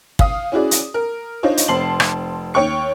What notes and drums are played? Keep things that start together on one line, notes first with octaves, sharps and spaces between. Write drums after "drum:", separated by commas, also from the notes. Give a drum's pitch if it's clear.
F5 D#6, drum: kick
C#4 E4 F#4 G#4 D5
drum: hi-hat
A#4
D4 D#4 F4 C5 C#5 D#5
drum: hi-hat
F1 C4 A5 C6 C7 F#7
drum: rim click
D#2 C#5 G5 C#6 C#7